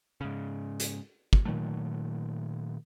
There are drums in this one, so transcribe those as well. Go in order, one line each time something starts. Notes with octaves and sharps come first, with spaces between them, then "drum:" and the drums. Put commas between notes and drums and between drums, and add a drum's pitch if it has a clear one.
G#2 C#3
drum: hi-hat
drum: kick
A#2 D#3 F#3 A3